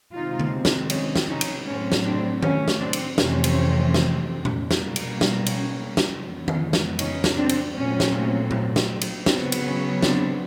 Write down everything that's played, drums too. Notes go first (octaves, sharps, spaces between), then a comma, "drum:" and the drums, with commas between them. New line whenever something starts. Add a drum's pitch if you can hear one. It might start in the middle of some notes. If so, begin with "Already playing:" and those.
C3 D#3 G#3 C4 D#4 F4
drum: tom
drum: snare
C#4 D#4, drum: cymbal
drum: snare
C#4 D#4
drum: cymbal
A2 F#3 A3 C4 C#4
drum: snare
C4 D4
C#4, drum: tom D#3
drum: snare
C4 D4
drum: cymbal
F2 C3 E3 A3 C4 C#4, drum: snare
drum: cymbal
drum: snare
drum: tom A#2
B2 G3 A#3, drum: snare
drum: cymbal
drum: snare
C#4, drum: cymbal
drum: snare
F2 C#3 E3 G#3 B3
drum: tom D#3
drum: snare
C#4 D#4, drum: cymbal
drum: snare
C4 D4
drum: cymbal
A#2 F#3 A3 C4 C#4
drum: snare
drum: tom A#2
drum: snare
drum: cymbal
C#3 F#3 B3 C4, drum: snare
drum: cymbal
C#4
C4 D4, drum: snare